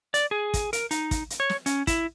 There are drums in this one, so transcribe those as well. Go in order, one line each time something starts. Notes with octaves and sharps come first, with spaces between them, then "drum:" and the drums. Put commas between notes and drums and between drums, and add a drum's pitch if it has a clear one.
D5, drum: hi-hat
G#4
drum: kick, hi-hat
A#4, drum: hi-hat
D#4, drum: hi-hat
drum: kick, hi-hat
drum: hi-hat
C#5
drum: snare
C#4, drum: hi-hat
E4, drum: kick, hi-hat